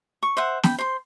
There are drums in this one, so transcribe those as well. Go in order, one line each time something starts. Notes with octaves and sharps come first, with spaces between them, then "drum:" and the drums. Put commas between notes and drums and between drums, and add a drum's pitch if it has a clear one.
C#6
C5 E5 F#5
G5 B5, drum: snare
C5 C6